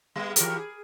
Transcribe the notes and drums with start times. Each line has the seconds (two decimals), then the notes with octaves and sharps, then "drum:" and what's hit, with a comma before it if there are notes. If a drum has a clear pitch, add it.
0.16 G3 G#3 B3
0.36 E3 G4 A#4, drum: hi-hat
0.58 G#4